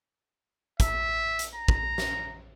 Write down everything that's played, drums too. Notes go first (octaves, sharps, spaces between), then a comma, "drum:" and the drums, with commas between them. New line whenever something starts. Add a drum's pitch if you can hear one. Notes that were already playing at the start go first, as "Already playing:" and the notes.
E5, drum: kick, hi-hat
drum: hi-hat
A#5
drum: kick
drum: snare